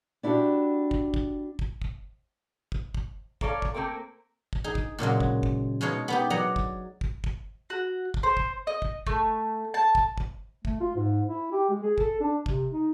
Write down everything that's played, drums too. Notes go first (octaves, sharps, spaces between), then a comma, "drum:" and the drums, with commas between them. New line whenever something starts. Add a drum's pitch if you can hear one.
D4 E4 F#4 G4
drum: kick
drum: kick
drum: kick
drum: kick
drum: kick
drum: kick
A#3 A4 C#5 D5 F5, drum: kick
drum: kick
A3 A#3 C4 A4 A#4
drum: kick
D#4 G#4
drum: kick
A#2 C#3 F#3 G#3
drum: kick
drum: kick
B2 G#3 D#4 C#5 F5
B3 D#4 G4
F#3 D5 D#5 F#5 A#5
drum: kick
drum: kick
drum: kick
F#4
drum: kick
C5
drum: kick
D#5
drum: kick
A3, drum: kick
A5
drum: kick
drum: kick
A3, drum: kick
F4
G#2
E4
G4
G#3
G#4
A4, drum: kick
D4
C3, drum: kick
D#4